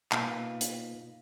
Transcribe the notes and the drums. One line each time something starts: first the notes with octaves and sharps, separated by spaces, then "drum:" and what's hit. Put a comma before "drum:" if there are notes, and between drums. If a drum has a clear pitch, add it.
B2 A#3 D#4 F4 B4, drum: clap
drum: hi-hat